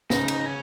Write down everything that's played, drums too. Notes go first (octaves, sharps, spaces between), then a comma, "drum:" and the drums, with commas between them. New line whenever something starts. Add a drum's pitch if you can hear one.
C#3 D#4, drum: snare
drum: cymbal
C#4